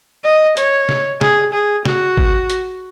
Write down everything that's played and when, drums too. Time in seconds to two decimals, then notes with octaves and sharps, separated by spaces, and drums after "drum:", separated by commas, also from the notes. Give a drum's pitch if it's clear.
0.24 D#5
0.57 C#5, drum: hi-hat
0.89 drum: snare
1.21 G#4, drum: snare
1.53 G#4
1.85 F#4, drum: snare
2.17 drum: kick G#1
2.50 drum: hi-hat